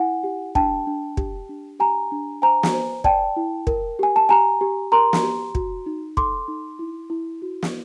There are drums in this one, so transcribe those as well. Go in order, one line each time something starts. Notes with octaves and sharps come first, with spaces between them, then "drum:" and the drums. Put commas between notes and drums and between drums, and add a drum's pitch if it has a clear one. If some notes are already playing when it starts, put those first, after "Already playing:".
Already playing: E4 F#5 G#5
G4
D4 G5 A5, drum: kick
D4
G4, drum: kick
D4
G4 G#5 A#5
D4
C5 G#5 A#5
drum: snare
C5
D5 G5 A5, drum: kick
E4
A#4, drum: kick
G4 G#5
A5
G4 G#5 A#5
G4
A#4 A#5 C6
drum: snare
G4
F#4, drum: kick
D#4
A4 C6 D6, drum: kick
D#4
E4
E4
F#4
drum: snare